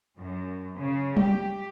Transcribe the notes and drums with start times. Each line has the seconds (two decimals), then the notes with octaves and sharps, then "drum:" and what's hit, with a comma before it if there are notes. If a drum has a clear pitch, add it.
0.17 F#2
0.79 C#3
1.17 G4, drum: tom F#3